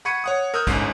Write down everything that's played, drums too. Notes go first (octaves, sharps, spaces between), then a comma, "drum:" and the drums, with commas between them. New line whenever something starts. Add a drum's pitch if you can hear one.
F#5 B5 C#6 G#6 C#7 D#7
C#5 F#5 D#6
A#4 D#6 E6 F#6 G6
G1 G#2 G#3 C#4, drum: kick, hi-hat